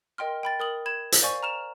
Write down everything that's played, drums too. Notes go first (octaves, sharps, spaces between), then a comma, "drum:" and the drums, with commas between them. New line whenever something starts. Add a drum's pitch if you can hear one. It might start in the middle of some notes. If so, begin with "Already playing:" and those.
A#4 D#5 G5 C6 F6
G5 B5 A6
A#4 D#6 F#7
B5 G#6 E7
drum: hi-hat
C5 D5 F5 G#5 C#6
A#5 F6 E7 F7